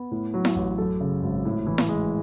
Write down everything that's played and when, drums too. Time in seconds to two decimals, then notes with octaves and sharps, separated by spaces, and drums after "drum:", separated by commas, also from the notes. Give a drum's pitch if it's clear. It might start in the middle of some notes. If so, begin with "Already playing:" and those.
Already playing: B3
0.11 A2
0.34 F#3
0.45 drum: snare E4
0.56 A1
0.78 F#2 A4
1.01 C#3
1.23 G#1
1.45 A2
1.67 E3
1.78 drum: snare E4
1.89 G#3